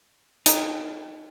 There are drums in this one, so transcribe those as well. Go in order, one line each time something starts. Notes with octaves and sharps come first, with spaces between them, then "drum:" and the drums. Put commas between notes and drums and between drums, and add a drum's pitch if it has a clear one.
D#4, drum: hi-hat